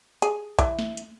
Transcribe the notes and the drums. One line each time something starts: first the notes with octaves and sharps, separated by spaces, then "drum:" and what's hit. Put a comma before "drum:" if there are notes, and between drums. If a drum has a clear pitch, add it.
G#4, drum: hi-hat
E3, drum: kick B1, hi-hat
drum: snare
drum: hi-hat